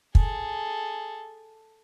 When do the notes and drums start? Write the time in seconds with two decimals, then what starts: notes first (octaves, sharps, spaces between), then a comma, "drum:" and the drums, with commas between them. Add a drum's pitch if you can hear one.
0.15 G#4 A4, drum: kick